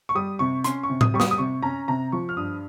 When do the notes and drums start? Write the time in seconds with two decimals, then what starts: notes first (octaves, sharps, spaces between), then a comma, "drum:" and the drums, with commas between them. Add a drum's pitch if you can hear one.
0.09 C#6
0.15 G3 D#6
0.39 C3 C#6
0.64 C#4 C6, drum: hi-hat
0.83 C#6
0.90 C3
1.01 D#6, drum: tom A2
1.14 G3 C#6
1.20 D#6, drum: snare
1.31 D#6
1.38 C3 C#6
1.62 C#4 A#5
1.88 C3 A#5
2.12 F3 C#6
2.29 F6
2.37 G2 D#6